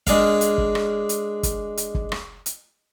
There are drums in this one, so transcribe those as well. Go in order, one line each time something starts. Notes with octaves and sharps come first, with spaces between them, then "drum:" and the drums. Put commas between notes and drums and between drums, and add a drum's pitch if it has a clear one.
G#3 D4 G#4 A#4 F5, drum: kick, hi-hat
drum: hi-hat
drum: kick
drum: rim click
drum: hi-hat
drum: kick, hi-hat
drum: hi-hat
drum: kick
drum: rim click
drum: hi-hat